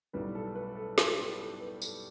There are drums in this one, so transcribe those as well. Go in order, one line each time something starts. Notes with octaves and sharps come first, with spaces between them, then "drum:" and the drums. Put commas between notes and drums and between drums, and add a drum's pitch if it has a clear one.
B1 A2 G3 B4
A4
B4
A4
G4, drum: snare
G4
A4
B4
A4, drum: tambourine